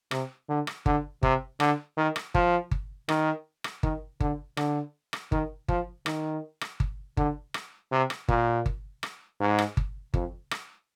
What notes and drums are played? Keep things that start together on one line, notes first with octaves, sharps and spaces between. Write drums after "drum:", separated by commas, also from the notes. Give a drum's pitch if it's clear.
C3, drum: rim click
D3
drum: rim click
D3, drum: kick G1
C3, drum: kick G1
D3, drum: rim click
D#3
drum: rim click
F3, drum: kick G1
drum: kick G1
D#3, drum: rim click
drum: rim click
D#3, drum: kick G1
D3, drum: kick G1
D3, drum: rim click
drum: rim click
D#3, drum: kick G1
F3, drum: kick G1
D#3, drum: rim click
drum: rim click
drum: kick G1
D3, drum: kick G1
drum: rim click
C3
drum: rim click
A#2, drum: kick G1
drum: kick G1
drum: rim click
G#2
drum: rim click
drum: kick G1
F2, drum: kick G1
drum: rim click